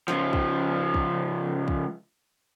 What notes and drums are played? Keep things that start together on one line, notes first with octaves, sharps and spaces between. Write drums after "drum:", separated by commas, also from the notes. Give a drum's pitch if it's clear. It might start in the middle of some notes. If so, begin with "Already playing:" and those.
C#2 F3, drum: snare
drum: kick
drum: kick
drum: kick